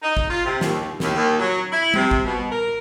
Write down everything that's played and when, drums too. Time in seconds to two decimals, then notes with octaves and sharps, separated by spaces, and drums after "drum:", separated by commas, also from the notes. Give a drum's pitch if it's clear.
0.02 D#4
0.17 drum: kick G#1
0.29 F4
0.44 C3
0.61 D#2, drum: snare
1.00 D#2, drum: snare
1.14 D#2
1.39 F#3
1.71 E4
1.94 C3, drum: tom G3
2.11 drum: kick G#1
2.24 B2
2.50 A#4